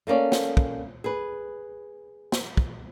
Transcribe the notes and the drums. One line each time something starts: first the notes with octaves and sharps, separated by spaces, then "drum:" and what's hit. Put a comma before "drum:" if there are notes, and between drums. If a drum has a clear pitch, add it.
A3 A#3 C#4 D5
drum: snare
drum: kick
G#4 B4
drum: snare
drum: kick